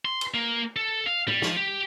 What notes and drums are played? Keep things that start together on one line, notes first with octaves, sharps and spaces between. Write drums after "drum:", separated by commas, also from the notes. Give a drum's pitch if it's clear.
C6
drum: cymbal
A#3
A4
F5
G3, drum: tom A2
F3, drum: snare
G4